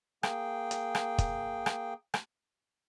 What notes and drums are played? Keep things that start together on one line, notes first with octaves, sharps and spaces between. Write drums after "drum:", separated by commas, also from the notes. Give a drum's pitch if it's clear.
A#3 G#4 G5, drum: rim click
drum: hi-hat
drum: rim click
drum: kick, hi-hat
drum: rim click
drum: rim click